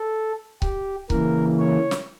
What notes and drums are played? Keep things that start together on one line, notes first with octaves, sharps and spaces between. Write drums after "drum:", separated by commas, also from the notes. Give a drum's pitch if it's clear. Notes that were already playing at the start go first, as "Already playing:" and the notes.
Already playing: A4
G4, drum: kick C#1
C#3 E3 A#3 A#4, drum: kick C#1
C#5
drum: snare